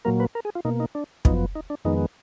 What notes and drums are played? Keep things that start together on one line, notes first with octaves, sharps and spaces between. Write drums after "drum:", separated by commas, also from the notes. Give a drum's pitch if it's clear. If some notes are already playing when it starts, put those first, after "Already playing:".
A#2 F#3 A#3 A#4
B4
A#4
G#4
F4
B2 A#3 D#4
D#4
D4
F#2 F3 B3 D#4, drum: kick
D#4
D4
F2 D#3 G#3 B3 D#4